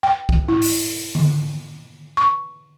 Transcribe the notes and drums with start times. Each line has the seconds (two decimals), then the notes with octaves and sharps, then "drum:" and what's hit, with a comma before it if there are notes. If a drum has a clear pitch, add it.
0.03 G5
0.29 drum: kick
0.48 E4
0.62 drum: open hi-hat
1.15 drum: tom D3
2.17 C#6